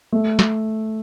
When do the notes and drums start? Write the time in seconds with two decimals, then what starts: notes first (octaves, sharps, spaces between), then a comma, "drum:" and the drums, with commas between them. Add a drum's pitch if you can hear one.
0.12 A3
0.39 drum: snare